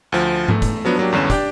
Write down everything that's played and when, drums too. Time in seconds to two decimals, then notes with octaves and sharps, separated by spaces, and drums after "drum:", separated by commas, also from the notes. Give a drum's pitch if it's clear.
0.12 D2 F3
0.48 E2 A3, drum: tom G#2
0.62 drum: kick, hi-hat
0.85 F3 F#3 B3 D4
0.99 F#3 A#3 D4 G4
1.12 E2 G2 D3 C#4 E7
1.30 D4 G4 D5 G5, drum: kick, hi-hat